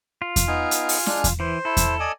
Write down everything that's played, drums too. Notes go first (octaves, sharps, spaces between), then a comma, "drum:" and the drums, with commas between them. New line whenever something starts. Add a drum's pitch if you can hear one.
F4
drum: kick E2, hi-hat
B3 D#4 G#5 F6
drum: hi-hat
drum: open hi-hat
G#3 D4, drum: snare
drum: kick E2, hi-hat
E3 C5
E4 A4
drum: kick E2, hi-hat
D5 D#5 G#5